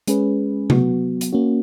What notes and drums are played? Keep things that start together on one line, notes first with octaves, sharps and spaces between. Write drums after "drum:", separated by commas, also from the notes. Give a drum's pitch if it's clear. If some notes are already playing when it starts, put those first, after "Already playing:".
G#3 C#4 G#4 B4, drum: hi-hat
F#3 B3 F#4, drum: tom C3
drum: hi-hat
A#3 C#4 F#4